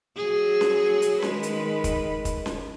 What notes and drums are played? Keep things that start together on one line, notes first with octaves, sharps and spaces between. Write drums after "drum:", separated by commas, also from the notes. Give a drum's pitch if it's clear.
F#3 G#4
drum: snare C#4
drum: hi-hat
D#3 G#3 B4, drum: snare C#4
drum: hi-hat
drum: kick, hi-hat
drum: kick, hi-hat
drum: snare C#4